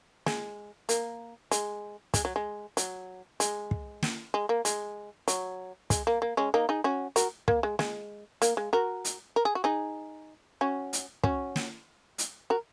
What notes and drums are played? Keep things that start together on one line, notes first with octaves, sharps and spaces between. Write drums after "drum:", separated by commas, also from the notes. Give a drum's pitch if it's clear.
G#3, drum: snare
A#3, drum: hi-hat
G#3, drum: hi-hat
G#3, drum: kick, hi-hat
F#3
G#3
F#3, drum: hi-hat
G#3, drum: hi-hat
drum: kick
drum: snare
G#3
A#3
G#3, drum: hi-hat
F#3, drum: hi-hat
G#3, drum: kick, hi-hat
A#3
A#3
G#3 C#4
A#3 D#4
D#4 G#4
C#4 F#4
F#4 A#4, drum: hi-hat
A#3, drum: kick
G#3
G#3, drum: snare
A#3, drum: hi-hat
G#3
F#4 A#4
drum: hi-hat
A#4
G#4
F#4
D#4 G#4
C#4 F#4
drum: hi-hat
C#4 F#4, drum: kick
drum: snare
drum: hi-hat
F#4 A#4